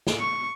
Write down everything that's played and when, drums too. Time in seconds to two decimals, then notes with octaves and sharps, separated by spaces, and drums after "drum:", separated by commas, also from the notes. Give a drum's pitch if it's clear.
0.07 drum: snare
0.20 C#6